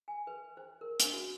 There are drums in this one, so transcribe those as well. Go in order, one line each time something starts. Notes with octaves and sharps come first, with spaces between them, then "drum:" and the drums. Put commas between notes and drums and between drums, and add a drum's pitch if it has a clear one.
G#5
B4
C5
A#4
D4, drum: hi-hat
F#4